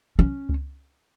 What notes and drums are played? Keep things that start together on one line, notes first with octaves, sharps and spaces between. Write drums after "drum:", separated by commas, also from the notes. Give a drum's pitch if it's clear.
C#4
drum: kick C#2